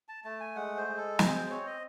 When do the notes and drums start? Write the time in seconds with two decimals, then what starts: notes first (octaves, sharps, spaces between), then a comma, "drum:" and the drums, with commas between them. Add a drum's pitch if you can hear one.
0.08 A5
0.24 A3 A5
0.40 G#5
0.55 G#3 F#5
0.77 C5
0.88 G#3
0.97 A4
1.19 C4 G#4, drum: snare
1.35 C5
1.50 C4 C#5
1.66 D#5